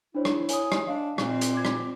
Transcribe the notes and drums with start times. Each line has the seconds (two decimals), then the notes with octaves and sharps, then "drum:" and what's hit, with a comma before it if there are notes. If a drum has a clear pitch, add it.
0.15 D4 E4 C5 C#5
0.25 drum: rim click
0.49 C#5 G#5 D#6, drum: hi-hat
0.72 drum: rim click
0.87 D4 D#5 F5
1.18 A#2 C4, drum: rim click
1.41 drum: hi-hat
1.54 F4 D6 G#6
1.65 drum: rim click